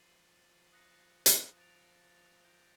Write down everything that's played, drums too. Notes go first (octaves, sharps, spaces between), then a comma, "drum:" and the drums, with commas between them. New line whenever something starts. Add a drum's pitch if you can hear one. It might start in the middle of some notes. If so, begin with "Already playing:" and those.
Already playing: F3 A6 C7 D#7 F#7
D#6 F#6 A#6 C#7
drum: hi-hat
A6 D7 F7
G6 A#6 D7 F7